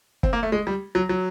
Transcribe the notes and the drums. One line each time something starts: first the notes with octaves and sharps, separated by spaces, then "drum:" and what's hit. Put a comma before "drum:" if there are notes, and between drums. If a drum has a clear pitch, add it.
C4, drum: kick
A#3
A3
G#3
G3
F#3
F#3